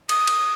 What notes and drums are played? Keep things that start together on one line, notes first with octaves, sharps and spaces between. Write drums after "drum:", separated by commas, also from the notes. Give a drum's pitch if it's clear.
D#6, drum: cymbal
drum: cymbal